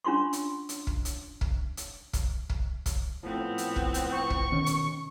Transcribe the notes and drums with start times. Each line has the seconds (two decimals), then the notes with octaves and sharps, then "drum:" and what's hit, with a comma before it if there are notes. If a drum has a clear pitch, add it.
0.04 C#4 D4 F4 C6 C#6
0.33 drum: hi-hat
0.69 drum: hi-hat
0.87 drum: kick
1.05 drum: hi-hat
1.41 drum: kick
1.77 drum: hi-hat
2.13 drum: kick, hi-hat
2.50 drum: kick
2.86 drum: kick, hi-hat
3.23 A2 F3 B3 C4
3.58 drum: hi-hat
3.76 drum: kick
3.94 drum: hi-hat
4.12 C#6
4.30 drum: kick
4.52 B2 D#3 C#4
4.66 drum: hi-hat